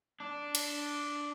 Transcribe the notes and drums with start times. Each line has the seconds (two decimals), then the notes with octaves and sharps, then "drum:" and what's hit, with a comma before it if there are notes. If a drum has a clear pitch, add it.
0.20 D4
0.55 drum: cymbal